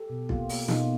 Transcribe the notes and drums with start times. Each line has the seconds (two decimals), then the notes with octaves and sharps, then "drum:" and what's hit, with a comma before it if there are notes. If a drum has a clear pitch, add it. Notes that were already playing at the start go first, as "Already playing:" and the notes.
Already playing: G4 A4
0.10 B2
0.29 A#3 F4 G4, drum: kick B1
0.49 A#3, drum: open hi-hat
0.68 B2 D#4 F4, drum: snare